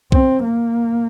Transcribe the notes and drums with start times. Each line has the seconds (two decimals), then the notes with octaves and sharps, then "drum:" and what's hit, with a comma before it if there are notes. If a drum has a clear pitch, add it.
0.12 C4, drum: kick B1
0.43 A#3